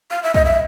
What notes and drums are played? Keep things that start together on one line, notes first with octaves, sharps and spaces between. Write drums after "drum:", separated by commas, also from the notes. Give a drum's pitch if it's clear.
F5
E5
D#5, drum: kick
E5